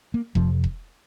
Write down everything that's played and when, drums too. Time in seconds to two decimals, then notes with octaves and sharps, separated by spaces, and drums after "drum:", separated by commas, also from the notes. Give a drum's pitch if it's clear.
0.14 A#3
0.35 F2 C3 F3, drum: kick E1
0.64 drum: kick E1